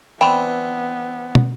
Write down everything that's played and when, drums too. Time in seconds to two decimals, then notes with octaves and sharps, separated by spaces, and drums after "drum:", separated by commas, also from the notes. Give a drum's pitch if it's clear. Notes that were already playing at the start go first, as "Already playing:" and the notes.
0.21 E3 B3 C4 D4 G5 B5 C6
1.35 drum: tom